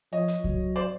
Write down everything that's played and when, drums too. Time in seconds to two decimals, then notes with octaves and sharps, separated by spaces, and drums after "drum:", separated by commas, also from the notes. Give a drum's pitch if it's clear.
0.12 F3 C#5 D#5
0.28 drum: hi-hat
0.44 F#3, drum: kick C2
0.76 C5 D5